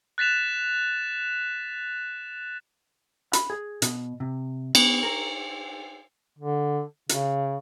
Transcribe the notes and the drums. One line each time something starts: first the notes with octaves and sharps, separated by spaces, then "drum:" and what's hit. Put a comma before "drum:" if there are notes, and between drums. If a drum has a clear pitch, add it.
F#6 A6 B6 E7 F7
B5, drum: hi-hat
G#4
B2, drum: hi-hat
C3
B3, drum: cymbal
A#4
D3
C#3, drum: hi-hat